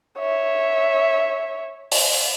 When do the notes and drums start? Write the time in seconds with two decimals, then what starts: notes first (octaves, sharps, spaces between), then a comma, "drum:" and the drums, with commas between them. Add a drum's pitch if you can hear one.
0.19 C#5 E5
1.92 drum: open hi-hat